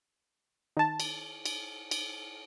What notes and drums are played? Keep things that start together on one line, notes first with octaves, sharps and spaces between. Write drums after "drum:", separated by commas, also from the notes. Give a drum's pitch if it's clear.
D#3 A5
drum: cymbal
drum: cymbal
drum: cymbal